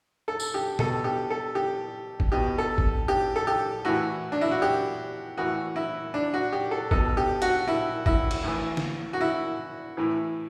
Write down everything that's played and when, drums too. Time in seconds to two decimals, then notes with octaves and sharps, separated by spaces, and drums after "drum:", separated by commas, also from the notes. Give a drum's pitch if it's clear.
0.28 A4
0.40 drum: tambourine
0.54 G4
0.79 B2 A4, drum: tom B2
1.04 G4
1.30 A4
1.55 G4
2.20 drum: kick
2.32 B2 G4
2.58 A4
2.78 drum: kick
3.08 G4
3.36 A4
3.47 G4
3.85 A2 E3 F#4
4.32 D4
4.41 E4
4.51 F#4
4.62 G4
5.37 A2 E3 F#4
5.76 E4
6.14 D4
6.34 F#4
6.53 G4
6.71 A4
6.91 B2 A4, drum: kick
7.17 G4
7.42 F#4, drum: hi-hat
7.68 E4
8.06 E4, drum: kick
8.31 drum: cymbal
8.44 A2 E3
8.77 drum: snare D3
9.13 F#4
9.21 E4
9.97 A2 E3